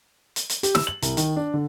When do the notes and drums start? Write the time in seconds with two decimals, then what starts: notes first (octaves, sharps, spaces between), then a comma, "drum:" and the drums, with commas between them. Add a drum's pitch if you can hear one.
0.36 drum: hi-hat
0.49 drum: hi-hat
0.63 G4, drum: hi-hat
0.75 E6, drum: snare
0.87 F#7
1.02 C2, drum: hi-hat
1.17 D#3, drum: hi-hat
1.36 D4
1.54 D3